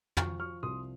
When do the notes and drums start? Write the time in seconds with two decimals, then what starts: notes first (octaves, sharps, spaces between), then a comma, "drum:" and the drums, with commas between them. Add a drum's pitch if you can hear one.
0.17 F3 C#6 F6, drum: tom
0.40 C#6 F6
0.63 C2 C6 D#6